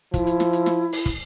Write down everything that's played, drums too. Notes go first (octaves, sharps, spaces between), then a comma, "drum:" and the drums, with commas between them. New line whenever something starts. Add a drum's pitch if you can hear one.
F3 E4, drum: kick, hi-hat
drum: hi-hat
drum: snare
drum: hi-hat
drum: snare
drum: open hi-hat
drum: kick, hi-hat